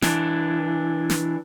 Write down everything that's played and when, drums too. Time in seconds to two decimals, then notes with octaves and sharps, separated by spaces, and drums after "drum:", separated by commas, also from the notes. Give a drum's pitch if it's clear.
0.02 E3 D4, drum: snare
1.10 drum: snare